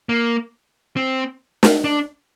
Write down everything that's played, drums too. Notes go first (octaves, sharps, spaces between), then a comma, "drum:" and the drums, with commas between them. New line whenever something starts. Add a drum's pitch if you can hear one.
A#3
C4
drum: snare
D4